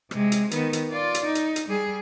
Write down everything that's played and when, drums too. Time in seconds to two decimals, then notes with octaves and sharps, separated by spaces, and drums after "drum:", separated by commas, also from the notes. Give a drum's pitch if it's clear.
0.11 C3 G#3, drum: rim click
0.32 drum: hi-hat
0.51 D#3 B3, drum: hi-hat
0.73 drum: hi-hat
0.91 F4 D5
1.14 drum: hi-hat
1.25 D#4
1.35 drum: hi-hat
1.56 drum: hi-hat
1.68 G3 G#4